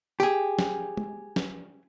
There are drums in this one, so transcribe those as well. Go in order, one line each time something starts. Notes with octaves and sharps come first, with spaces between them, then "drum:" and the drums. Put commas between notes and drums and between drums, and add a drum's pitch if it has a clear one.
G4 G#4, drum: tambourine
drum: snare
drum: tom
drum: snare